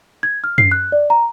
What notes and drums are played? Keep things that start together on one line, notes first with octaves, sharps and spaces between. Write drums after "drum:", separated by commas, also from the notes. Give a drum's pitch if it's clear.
G#6
F6
C7, drum: tom F#2
F#6
D5
A#5